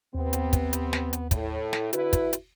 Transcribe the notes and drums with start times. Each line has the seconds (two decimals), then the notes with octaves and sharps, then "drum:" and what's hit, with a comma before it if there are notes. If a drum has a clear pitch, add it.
0.15 D#2 C3 B3 C4
0.33 drum: hi-hat
0.53 drum: kick, hi-hat
0.73 drum: hi-hat
0.93 drum: snare
1.13 drum: hi-hat
1.31 A2, drum: kick, hi-hat
1.73 drum: snare
1.93 D3 E4 F#4 B4, drum: hi-hat
2.13 drum: kick, hi-hat
2.33 drum: hi-hat